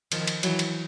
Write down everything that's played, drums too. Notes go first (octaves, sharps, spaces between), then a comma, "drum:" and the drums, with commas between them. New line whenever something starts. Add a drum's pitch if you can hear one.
D#3 F3, drum: cymbal
drum: cymbal
E3 F#3, drum: cymbal
drum: cymbal